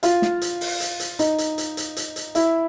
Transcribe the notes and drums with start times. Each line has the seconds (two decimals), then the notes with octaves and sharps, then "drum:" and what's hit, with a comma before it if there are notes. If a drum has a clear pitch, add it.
0.03 F4 F5, drum: hi-hat
0.22 drum: snare
0.41 drum: hi-hat
0.61 drum: open hi-hat
0.80 drum: hi-hat
1.00 drum: hi-hat
1.19 D#4 D#5, drum: hi-hat
1.38 drum: hi-hat
1.58 drum: hi-hat
1.77 drum: hi-hat
1.97 drum: hi-hat
2.16 drum: hi-hat
2.35 E4 E5, drum: hi-hat